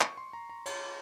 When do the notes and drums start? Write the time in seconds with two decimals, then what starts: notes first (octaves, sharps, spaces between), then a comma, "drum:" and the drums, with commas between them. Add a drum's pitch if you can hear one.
0.01 C#6, drum: clap
0.17 C6
0.33 A#5
0.49 A#5
0.66 C#5, drum: cymbal